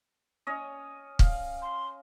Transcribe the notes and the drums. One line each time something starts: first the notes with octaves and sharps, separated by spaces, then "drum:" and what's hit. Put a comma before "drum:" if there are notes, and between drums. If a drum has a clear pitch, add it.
C#4 C#5 D#5
F5, drum: kick
C6